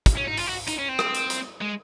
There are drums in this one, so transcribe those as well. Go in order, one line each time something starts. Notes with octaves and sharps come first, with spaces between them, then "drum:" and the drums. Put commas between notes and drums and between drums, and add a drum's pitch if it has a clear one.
drum: kick, hi-hat
C#4
D#4
F4, drum: open hi-hat
F#4
D#4, drum: hi-hat
C#4
C4
drum: rim click
drum: hi-hat
drum: hi-hat
G#3